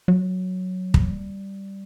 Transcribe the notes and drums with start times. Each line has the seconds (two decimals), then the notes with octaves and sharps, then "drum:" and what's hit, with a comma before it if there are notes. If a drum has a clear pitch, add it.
0.08 F#3
0.94 drum: kick
1.11 G3